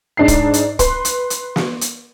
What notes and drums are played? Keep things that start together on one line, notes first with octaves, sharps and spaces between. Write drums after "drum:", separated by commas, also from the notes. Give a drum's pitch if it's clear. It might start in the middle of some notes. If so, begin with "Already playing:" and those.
G#2 D4 D#4 C7
drum: kick, hi-hat
drum: hi-hat
B4 C6, drum: kick, hi-hat
drum: hi-hat
drum: hi-hat
drum: snare
drum: hi-hat